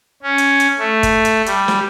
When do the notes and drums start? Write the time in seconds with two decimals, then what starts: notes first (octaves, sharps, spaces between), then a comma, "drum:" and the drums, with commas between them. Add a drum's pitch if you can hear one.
0.22 C#4
0.38 drum: hi-hat
0.60 drum: hi-hat
0.78 A3
1.03 drum: kick, hi-hat
1.25 drum: hi-hat
1.46 G3, drum: hi-hat
1.68 drum: snare